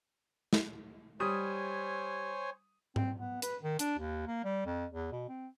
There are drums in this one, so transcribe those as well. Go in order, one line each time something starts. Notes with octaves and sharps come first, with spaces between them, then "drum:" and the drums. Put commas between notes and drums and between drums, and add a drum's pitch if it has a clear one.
drum: snare
G3 C5 C#5 G#5 D#6
C4, drum: tom G#2
B3
B4, drum: hi-hat
D#3
D4, drum: hi-hat
D#2
A#3
G3
F2
E2
B2
C4